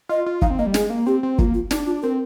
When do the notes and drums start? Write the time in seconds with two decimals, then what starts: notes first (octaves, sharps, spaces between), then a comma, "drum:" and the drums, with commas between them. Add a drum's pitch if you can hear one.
0.09 F4 D#5
0.26 F4
0.42 D#4 F5, drum: kick
0.50 C4
0.59 A#3 D#5
0.66 G3
0.74 G#3 G#4, drum: snare
0.90 A#3
1.07 C4 G4
1.23 C4
1.39 A#3 F4, drum: kick
1.54 F4
1.71 D4 D#4, drum: snare
1.87 F4
2.03 C4 A#4